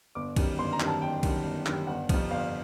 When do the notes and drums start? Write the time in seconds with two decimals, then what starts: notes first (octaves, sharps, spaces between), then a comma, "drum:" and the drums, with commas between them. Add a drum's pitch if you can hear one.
0.15 G1 D6
0.36 F#2 D#3 G3, drum: kick, cymbal
0.58 G1 C6
0.73 A#5
0.80 F#2 D#3 G3, drum: clap
0.87 A5
1.01 G1 G5
1.23 F#2 D#3 G3, drum: kick, cymbal
1.45 G1
1.66 F#2 D#3 G3, drum: clap
1.87 G1 F#5
2.09 F2 C3 F3, drum: kick, cymbal
2.31 G1 F5